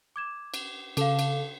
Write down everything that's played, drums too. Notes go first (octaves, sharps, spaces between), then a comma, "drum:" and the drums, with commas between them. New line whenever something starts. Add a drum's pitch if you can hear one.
D6 G#6 E7
drum: cymbal
C#3 A4 F5 D6, drum: cymbal
drum: cymbal